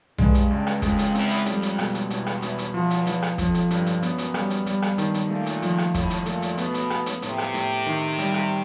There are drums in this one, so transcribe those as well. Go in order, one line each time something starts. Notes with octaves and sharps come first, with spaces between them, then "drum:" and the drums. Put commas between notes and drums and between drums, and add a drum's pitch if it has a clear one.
G2 G#3, drum: tom B1
drum: hi-hat
C#2
drum: rim click
F2 G#3, drum: kick, hi-hat
drum: hi-hat
E2 C4, drum: hi-hat
drum: hi-hat
F2 G3, drum: hi-hat
drum: hi-hat
B2, drum: rim click
drum: hi-hat
E2 B2, drum: hi-hat
drum: rim click
B2, drum: hi-hat
drum: hi-hat
E2 F3
drum: hi-hat
F3, drum: hi-hat
drum: rim click
F2 F3, drum: kick, hi-hat
drum: hi-hat
G2, drum: hi-hat
drum: hi-hat
F#2 B3, drum: hi-hat
drum: hi-hat
G3, drum: rim click
drum: hi-hat
G2 G3, drum: hi-hat
drum: rim click
D#3, drum: hi-hat
drum: hi-hat
A#2 A3
drum: hi-hat
F3, drum: hi-hat
drum: rim click
F2 A2, drum: kick, hi-hat
drum: hi-hat
A#2 A3, drum: hi-hat
drum: hi-hat
B2 B3, drum: hi-hat
drum: hi-hat
B3, drum: rim click
drum: hi-hat
A2 C3, drum: hi-hat
drum: rim click
A2, drum: hi-hat
D#3
G3, drum: hi-hat
drum: rim click